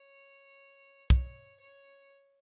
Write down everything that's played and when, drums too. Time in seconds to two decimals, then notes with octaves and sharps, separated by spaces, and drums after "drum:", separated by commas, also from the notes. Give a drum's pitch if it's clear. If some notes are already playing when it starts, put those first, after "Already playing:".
Already playing: C#5
1.10 C#5, drum: kick
1.60 C#5